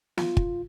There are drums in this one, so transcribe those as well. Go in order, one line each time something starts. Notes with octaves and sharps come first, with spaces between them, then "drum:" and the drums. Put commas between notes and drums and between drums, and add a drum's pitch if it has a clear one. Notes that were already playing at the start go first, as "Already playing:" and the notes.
F4, drum: snare
drum: kick